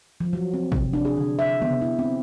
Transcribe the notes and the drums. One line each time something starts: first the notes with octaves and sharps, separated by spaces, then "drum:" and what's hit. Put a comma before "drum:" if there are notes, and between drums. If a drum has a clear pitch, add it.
F3
F#3
C4
C3, drum: kick
D4
G#4
D3
E5
B3, drum: tom C3
E4
C4